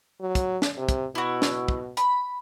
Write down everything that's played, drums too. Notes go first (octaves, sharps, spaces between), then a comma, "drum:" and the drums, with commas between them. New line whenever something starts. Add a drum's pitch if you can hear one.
F#3
drum: kick, hi-hat
drum: snare
C3
drum: kick, hi-hat
B2 E4 F#4
drum: snare
drum: kick
B5, drum: hi-hat